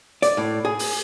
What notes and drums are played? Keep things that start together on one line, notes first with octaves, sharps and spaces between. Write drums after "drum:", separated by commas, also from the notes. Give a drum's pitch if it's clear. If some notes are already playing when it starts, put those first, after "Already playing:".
D5, drum: hi-hat
A2
G#4
drum: open hi-hat